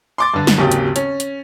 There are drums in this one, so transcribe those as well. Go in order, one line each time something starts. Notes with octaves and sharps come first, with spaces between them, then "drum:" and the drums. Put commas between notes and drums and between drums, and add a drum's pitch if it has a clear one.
C6 D6 A6
G2 D3
drum: snare
G#1 D#2 C#3 F#3 G4 G5
drum: hi-hat
C#4, drum: hi-hat
drum: hi-hat